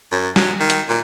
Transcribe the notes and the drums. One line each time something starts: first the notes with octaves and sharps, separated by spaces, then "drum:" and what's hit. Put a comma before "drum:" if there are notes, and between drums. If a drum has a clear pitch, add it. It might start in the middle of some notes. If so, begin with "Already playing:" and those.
F#2
F#3, drum: snare
D#3
drum: hi-hat
A#2